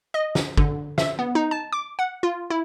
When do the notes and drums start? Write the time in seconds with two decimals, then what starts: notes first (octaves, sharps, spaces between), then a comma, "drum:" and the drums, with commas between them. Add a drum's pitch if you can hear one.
0.14 D#5
0.35 drum: snare
0.58 D3, drum: kick
0.98 E5, drum: snare
1.19 B3
1.35 D#4
1.51 A5
1.73 D6
1.99 F#5
2.23 F4
2.50 E4